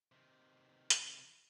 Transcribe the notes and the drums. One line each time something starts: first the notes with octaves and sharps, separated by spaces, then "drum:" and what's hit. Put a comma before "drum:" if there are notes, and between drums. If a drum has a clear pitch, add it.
C3 D#3
drum: hi-hat